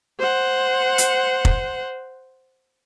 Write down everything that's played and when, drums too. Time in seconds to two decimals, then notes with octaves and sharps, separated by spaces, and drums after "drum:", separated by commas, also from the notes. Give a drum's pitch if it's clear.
0.19 C5 F#5
0.98 drum: hi-hat
1.45 drum: kick F1